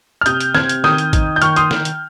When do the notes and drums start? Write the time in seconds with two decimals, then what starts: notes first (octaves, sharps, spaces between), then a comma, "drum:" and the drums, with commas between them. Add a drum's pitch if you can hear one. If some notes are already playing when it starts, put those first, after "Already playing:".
0.21 F6
0.26 C3 D#6 G6, drum: hi-hat
0.40 drum: hi-hat
0.55 C4 F6 G#6, drum: snare
0.69 drum: hi-hat
0.84 D#3 D#6 G6, drum: snare
0.98 drum: hi-hat
1.13 D#4, drum: kick A1, hi-hat
1.36 G6
1.42 D#3 C#6 F6, drum: hi-hat
1.56 C6 D#6, drum: hi-hat
1.71 drum: snare
1.85 drum: hi-hat